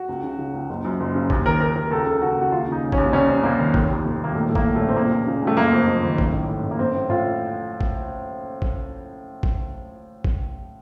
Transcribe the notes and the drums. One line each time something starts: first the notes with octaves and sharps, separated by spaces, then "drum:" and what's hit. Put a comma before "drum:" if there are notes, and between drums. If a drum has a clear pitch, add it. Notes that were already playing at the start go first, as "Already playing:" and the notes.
Already playing: F#4
C#2
C#3
C#3
C#2
F#1
F#2
F#1
C#3
D#2, drum: kick
D#3 A#4
D#3 A#4
D#2 A#4
C#2 A4
A#4
C#3 A4
C#3 F#4
C#2 F#4
D#2 F4
C#3 D#4
C#3
C#4, drum: kick
D#2
C2 C#4
C3
C2 A#3
D#3
F1, drum: kick
D#2
F1
D#3 A#3
A#1 A3
A2 A3
A#3, drum: kick
A2
A3
A#1
C4
C#2 A#3
C#3
C#3
C#2
A3
F#1 A#3
F2
F#1
D#3
A1, drum: kick
A2
A2
A1
A#3
A1 C4
A2
A2 F4
drum: kick
drum: kick
drum: kick
drum: kick